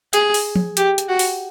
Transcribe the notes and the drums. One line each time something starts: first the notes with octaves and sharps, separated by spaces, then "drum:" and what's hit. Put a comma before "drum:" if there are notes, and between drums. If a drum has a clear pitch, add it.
G#4, drum: hi-hat
drum: open hi-hat
drum: tom F3
G4, drum: hi-hat
drum: hi-hat
F#4
drum: open hi-hat